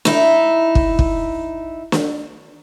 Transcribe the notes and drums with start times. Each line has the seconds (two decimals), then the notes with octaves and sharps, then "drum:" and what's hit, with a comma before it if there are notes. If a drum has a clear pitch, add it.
0.05 D#4 E4, drum: snare
0.75 drum: kick
0.99 drum: kick
1.92 drum: snare